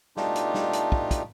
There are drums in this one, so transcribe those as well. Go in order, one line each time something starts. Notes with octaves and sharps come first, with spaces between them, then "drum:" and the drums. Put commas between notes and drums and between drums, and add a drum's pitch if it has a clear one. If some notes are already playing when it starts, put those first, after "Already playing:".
B2 A3 D4 D#4 F4 G4, drum: snare
drum: hi-hat
drum: snare
drum: hi-hat
drum: kick
drum: kick, hi-hat